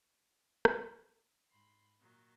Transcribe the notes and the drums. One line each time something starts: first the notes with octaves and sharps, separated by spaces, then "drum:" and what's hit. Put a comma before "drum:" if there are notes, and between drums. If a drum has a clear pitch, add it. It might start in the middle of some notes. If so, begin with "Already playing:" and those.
drum: rim click
G#2 B5 C6
A#2 D#3 F#3